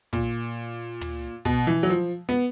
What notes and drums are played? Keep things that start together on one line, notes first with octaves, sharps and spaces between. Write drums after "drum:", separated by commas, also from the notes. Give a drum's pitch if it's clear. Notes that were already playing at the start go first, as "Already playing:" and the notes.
A#2, drum: kick, open hi-hat
drum: hi-hat
drum: hi-hat
drum: tom
drum: hi-hat
B2, drum: kick, open hi-hat
E3
F#3
F3, drum: hi-hat
drum: hi-hat
B3